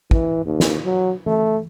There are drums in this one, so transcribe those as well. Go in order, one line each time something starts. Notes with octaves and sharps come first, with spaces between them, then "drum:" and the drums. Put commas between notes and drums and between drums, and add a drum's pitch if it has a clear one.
E3, drum: kick
D#2
drum: snare
F#3
A3, drum: tom E3